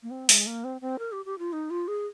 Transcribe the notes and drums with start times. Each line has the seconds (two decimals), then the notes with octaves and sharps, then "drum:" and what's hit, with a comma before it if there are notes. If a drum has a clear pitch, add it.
0.03 A#3
0.11 C4
0.29 G#3, drum: open hi-hat
0.47 A#3
0.64 C4
0.81 C4
0.99 A#4
1.12 G4
1.25 G4
1.39 F4
1.53 D#4
1.70 F4
1.88 G#4